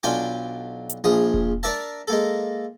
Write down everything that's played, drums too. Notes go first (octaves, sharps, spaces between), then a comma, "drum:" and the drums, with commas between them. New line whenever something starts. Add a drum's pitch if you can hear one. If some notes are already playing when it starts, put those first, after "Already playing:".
B1 D4 F4 G5 G#5 D6
drum: hi-hat
A#1 F3 G#4 D#6
drum: kick E1
D4 A#4 D5 E5 A5
G#3 A#3 A4